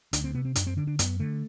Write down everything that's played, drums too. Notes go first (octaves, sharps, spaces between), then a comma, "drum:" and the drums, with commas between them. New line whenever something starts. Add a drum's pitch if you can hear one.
D2 D4, drum: hi-hat
C4
C3 B3
C4
F#2 D4, drum: hi-hat
C4
D3 D4
D4
F#2 B3, drum: hi-hat
D3 A3